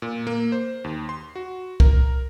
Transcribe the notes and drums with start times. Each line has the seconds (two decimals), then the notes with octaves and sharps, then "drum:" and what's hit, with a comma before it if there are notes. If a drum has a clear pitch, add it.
0.02 A#2
0.27 A#3
0.52 C5
0.84 D#2
1.09 C6
1.36 F#4
1.80 A#4, drum: kick C2